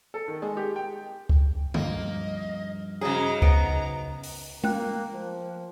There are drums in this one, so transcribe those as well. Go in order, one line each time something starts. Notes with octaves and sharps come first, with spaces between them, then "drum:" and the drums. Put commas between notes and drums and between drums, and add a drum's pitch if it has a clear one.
A4
D#3
G#3
G4
G5
drum: kick C#2
G2 F3 A#3 D#5, drum: tom D3
G#2 C#3 F#3 G#4 A#5
C#3 B3 A#5, drum: kick C#2
drum: open hi-hat
A#3 G5 F#6, drum: tom G#3
F3